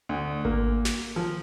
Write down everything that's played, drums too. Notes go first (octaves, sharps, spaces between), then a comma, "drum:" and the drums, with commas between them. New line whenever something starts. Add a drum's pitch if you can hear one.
D2
A#3, drum: kick G#1
drum: snare
F3